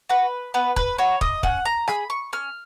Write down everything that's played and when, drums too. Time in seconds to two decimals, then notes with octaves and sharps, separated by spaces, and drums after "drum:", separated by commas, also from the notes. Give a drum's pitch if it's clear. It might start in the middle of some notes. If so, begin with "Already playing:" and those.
0.09 F#4 B4
0.54 B3 B4
0.76 B4, drum: kick
0.98 F#4 C#5
1.21 D#5, drum: kick
1.43 C#4 F#5, drum: kick
1.65 A#5
1.88 G#4 B5, drum: rim click
2.10 C#6
2.33 C#4 F6